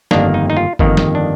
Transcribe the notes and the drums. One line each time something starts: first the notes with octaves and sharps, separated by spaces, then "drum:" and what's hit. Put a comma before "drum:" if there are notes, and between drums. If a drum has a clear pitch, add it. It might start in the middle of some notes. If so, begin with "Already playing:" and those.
G1 F2 D#3 A#3 D4, drum: snare
D#4
D#4
F4
G1 F2 D#3 A#3, drum: kick G1
drum: snare
D4